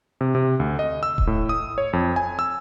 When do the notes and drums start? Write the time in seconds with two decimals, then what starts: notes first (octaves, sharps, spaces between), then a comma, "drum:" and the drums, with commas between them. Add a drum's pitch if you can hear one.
0.21 C3
0.35 C3
0.60 D2
0.79 D#5
1.03 E6
1.18 drum: kick D#1
1.27 A2
1.49 D#6
1.78 C#5
1.93 F2
2.16 G#5
2.39 E6